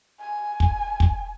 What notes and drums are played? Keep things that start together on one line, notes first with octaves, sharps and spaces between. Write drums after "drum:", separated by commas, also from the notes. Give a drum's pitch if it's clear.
G#5
drum: kick
drum: kick